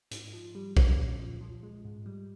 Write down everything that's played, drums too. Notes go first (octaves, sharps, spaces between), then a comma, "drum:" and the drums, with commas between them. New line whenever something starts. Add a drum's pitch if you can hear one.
G#2, drum: hi-hat
F3
G3
C#4, drum: kick
A#2
F3
F3
G#3
G#2
G3